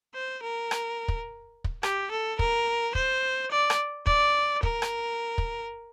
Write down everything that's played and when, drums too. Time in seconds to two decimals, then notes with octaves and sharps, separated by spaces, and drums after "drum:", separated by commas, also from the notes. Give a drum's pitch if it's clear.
0.15 C5
0.43 A#4
0.71 drum: rim click
1.08 drum: kick
1.64 drum: kick
1.83 G4, drum: rim click
2.11 A4
2.39 A#4, drum: kick
2.95 C5, drum: kick
3.51 D5
3.70 drum: rim click
4.07 D5, drum: kick
4.63 A#4, drum: kick
4.82 drum: rim click
5.38 drum: kick